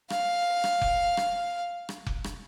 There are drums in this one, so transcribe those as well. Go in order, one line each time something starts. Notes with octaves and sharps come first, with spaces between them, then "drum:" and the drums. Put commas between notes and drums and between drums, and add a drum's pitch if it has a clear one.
F5, drum: rim click
drum: rim click
drum: kick F1
drum: rim click
drum: rim click
drum: kick F1
drum: rim click